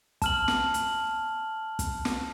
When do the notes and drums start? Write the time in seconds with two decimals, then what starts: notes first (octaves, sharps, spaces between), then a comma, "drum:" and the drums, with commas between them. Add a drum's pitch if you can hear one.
0.22 A5 F6 F#7, drum: kick, hi-hat
0.48 drum: snare
0.74 drum: hi-hat
1.79 drum: kick, hi-hat
2.05 drum: snare